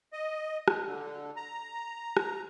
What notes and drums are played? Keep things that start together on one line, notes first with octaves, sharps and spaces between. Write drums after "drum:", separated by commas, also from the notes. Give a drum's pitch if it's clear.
D#5
drum: rim click
D3
A#5
drum: rim click